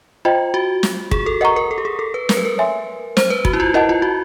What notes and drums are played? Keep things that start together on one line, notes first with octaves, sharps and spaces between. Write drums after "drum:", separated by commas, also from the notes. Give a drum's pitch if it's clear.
F4 C5 D#5 G5 B5
F#4
drum: snare
G#4, drum: kick
A4
A#4 D#5 F#5 A#5 C#6
A#4
A4
G4
G#4
A4
B4
A#4, drum: snare
B4
A#4
C#5 E5 G#5 C6
C5, drum: snare
B4
F#4, drum: kick
E4
F4
E4 A#4 D#5 F#5 A5
F4
F#4